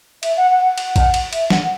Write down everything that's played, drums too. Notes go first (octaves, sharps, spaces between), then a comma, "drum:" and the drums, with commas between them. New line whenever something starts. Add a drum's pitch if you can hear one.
E5, drum: cymbal
F#5
F#5
F#5
drum: cymbal
drum: kick A1, cymbal
drum: cymbal
E5, drum: cymbal
F#5, drum: snare